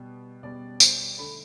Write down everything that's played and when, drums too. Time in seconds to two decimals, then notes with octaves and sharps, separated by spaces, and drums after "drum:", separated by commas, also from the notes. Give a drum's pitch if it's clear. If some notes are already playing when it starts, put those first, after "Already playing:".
Already playing: B2 G3 B3
0.43 B2 G3 B3 D5
0.80 C5, drum: tambourine
1.18 D3 A3 B5